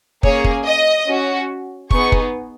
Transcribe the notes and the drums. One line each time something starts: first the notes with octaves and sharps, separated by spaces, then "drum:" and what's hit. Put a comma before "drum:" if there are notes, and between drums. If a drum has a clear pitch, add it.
A#3 C#4 G#4 C#5, drum: kick
drum: kick
D#5
C#4 F#4
B3 D#4 G#4 C#6, drum: kick
drum: kick